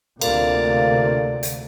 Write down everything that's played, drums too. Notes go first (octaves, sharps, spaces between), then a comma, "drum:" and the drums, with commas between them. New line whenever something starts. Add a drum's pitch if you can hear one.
D2 C3 A3 A#3 F4 D5, drum: cymbal
drum: hi-hat